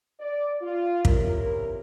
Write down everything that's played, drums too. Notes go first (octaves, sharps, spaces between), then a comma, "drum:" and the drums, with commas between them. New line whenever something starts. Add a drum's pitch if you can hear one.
D5
F4
C3 C#4 E4 A#4, drum: kick